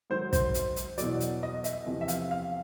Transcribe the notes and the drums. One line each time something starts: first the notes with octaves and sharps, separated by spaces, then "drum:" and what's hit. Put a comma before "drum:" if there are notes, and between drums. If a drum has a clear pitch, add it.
G#2 D#3 F#3 C5
C5, drum: kick, hi-hat
drum: hi-hat
drum: hi-hat
E2 B2 F#3 D5, drum: hi-hat
drum: hi-hat
D#5
E5, drum: hi-hat
E2 C3 F3
E5
F5, drum: hi-hat
F5